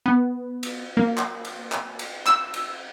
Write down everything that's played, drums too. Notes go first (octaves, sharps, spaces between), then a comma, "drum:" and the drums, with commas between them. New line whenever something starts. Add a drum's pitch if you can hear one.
B3
drum: cymbal
A#3
drum: clap
drum: cymbal
drum: clap
drum: cymbal
E6, drum: clap
drum: cymbal